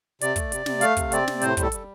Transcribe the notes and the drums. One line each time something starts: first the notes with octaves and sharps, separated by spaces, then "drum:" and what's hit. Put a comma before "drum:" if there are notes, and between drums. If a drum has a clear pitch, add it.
C3 D5, drum: hi-hat
A3, drum: kick, hi-hat
C3, drum: hi-hat
C3, drum: snare
A3 F5, drum: hi-hat
C3, drum: kick, hi-hat
C4 D5, drum: hi-hat
C3, drum: snare
A2 C5, drum: hi-hat
G3, drum: kick, hi-hat
A4
G3, drum: hi-hat